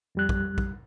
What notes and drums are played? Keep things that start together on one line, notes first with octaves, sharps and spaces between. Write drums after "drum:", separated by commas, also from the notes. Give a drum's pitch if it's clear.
F2 G3 F#6
drum: kick A#1
drum: kick A#1